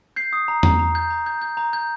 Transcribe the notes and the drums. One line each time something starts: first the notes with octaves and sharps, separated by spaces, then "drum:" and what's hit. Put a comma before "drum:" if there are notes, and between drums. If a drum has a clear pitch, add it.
G6 C7
D#6
A#5
A#5, drum: tom E2
A#5
G6
A#5
G6
G6
A#5
G6